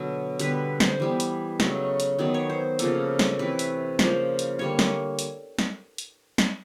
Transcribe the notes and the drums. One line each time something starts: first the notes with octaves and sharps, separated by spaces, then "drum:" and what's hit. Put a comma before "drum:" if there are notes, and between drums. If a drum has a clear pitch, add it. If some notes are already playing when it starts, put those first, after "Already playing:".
Already playing: B2 D3 F#3 B3
D3 G3 B3 B4, drum: hi-hat
C5, drum: snare
E3 G3 B3
drum: hi-hat
C#3 F#3 A3 D#5, drum: snare
drum: hi-hat
D#3 F#3 B3 D5
C#5
C5
C#3 F3 A#3 A4, drum: hi-hat
drum: snare
C3 E3 A3 B4
drum: hi-hat
C#3 F3 A#3 C5, drum: snare
drum: hi-hat
D3 G3 A#3 C#5
drum: snare
drum: hi-hat
drum: snare
drum: hi-hat
drum: snare